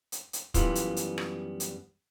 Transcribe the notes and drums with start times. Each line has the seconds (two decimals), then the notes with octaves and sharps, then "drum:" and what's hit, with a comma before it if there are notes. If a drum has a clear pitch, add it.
0.12 drum: hi-hat
0.33 drum: hi-hat
0.54 F#2 E3 G3 B3 F4, drum: kick, hi-hat
0.75 drum: hi-hat
0.97 drum: hi-hat
1.18 drum: rim click
1.60 drum: hi-hat